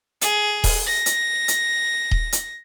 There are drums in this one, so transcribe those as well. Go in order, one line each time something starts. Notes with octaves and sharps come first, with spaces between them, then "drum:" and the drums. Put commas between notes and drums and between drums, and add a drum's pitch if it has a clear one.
G#4, drum: hi-hat
drum: kick D#1, open hi-hat
A#6
drum: hi-hat
drum: hi-hat
drum: kick D#1
drum: hi-hat